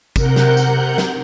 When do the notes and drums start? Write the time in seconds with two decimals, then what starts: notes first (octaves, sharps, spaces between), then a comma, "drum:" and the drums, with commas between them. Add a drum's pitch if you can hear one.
0.16 C3 A#4 F#5 F#6 G6, drum: kick, tambourine
0.36 drum: snare
0.57 drum: tambourine
0.98 drum: snare